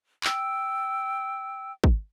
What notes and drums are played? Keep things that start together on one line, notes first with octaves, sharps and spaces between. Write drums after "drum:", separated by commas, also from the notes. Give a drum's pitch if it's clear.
G5 E6, drum: clap
drum: kick